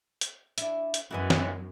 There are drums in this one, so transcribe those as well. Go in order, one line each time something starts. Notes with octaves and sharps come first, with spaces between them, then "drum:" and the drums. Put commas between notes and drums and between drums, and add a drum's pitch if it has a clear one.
drum: hi-hat
D4 E4, drum: hi-hat
drum: hi-hat
F#2 E3 G#3 B3 F#4 A#4 D#5
drum: snare